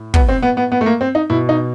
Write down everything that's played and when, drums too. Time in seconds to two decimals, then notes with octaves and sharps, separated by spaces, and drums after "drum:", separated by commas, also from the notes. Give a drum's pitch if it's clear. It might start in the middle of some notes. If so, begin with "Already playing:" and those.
Already playing: A2
0.14 B3, drum: kick
0.29 C4
0.42 B3
0.57 B3
0.72 B3
0.81 A3
0.86 A#3
1.01 C4
1.15 D#4
1.30 B2 E4
1.49 D#4